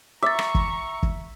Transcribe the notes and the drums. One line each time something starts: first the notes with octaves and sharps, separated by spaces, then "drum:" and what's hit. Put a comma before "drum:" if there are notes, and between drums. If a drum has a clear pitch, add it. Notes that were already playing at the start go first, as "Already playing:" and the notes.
E5 A#5 C#6 D6 A6
drum: rim click
drum: kick
drum: kick